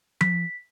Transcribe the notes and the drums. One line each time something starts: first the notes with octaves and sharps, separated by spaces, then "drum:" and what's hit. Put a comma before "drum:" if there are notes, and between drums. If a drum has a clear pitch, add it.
B6, drum: tom F3